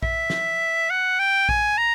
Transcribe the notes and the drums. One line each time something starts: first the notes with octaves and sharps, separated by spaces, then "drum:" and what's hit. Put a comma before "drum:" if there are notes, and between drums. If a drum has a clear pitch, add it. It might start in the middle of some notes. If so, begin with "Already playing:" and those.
E5, drum: kick A#1
drum: snare
F#5
G5
G#5, drum: kick A#1
A#5